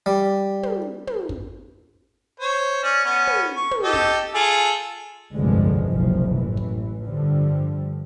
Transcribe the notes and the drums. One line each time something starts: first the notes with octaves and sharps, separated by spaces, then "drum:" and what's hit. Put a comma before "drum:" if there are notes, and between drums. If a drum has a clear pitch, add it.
G3
drum: tom
drum: tom
drum: kick
C5 C#5
C#4 D5
B3 C#4
drum: tom
C#6
drum: tom
G4 A4 D#5
drum: kick
F4 G#4 A4
F1 C2 G2 D3 F3 G#3
F#1 C2 B2 F3
A1 E3
drum: kick
G2 D3 F3 G3